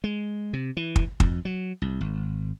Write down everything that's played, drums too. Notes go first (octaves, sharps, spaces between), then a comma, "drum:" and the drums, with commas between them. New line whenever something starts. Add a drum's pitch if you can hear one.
G#3
C3
E3
drum: kick
F2, drum: kick
F#3
C2
G#1